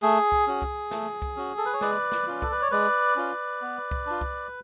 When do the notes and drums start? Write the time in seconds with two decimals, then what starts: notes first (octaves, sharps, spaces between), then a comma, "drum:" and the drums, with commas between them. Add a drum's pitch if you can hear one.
0.02 A3 G#4
0.32 drum: kick C2
0.47 C#4 F#4
0.62 drum: kick C2
0.91 A3, drum: snare
1.22 drum: kick C2
1.37 C#4 F#4
1.58 A4
1.65 B4
1.73 C#5
1.81 G#3 B4 D5, drum: snare
2.12 drum: snare
2.27 C#4 F4
2.42 A4, drum: kick C2
2.52 B4
2.62 C#5
2.71 G#3 B4 D5
3.16 C#4 F4
3.62 B3
3.91 drum: kick C2
4.07 D4 F4
4.21 drum: kick C2